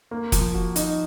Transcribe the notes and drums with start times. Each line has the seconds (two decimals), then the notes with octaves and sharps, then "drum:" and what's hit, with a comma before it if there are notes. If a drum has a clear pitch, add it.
0.11 A#3
0.32 F3, drum: kick F1, hi-hat
0.54 F#4
0.76 D#4, drum: hi-hat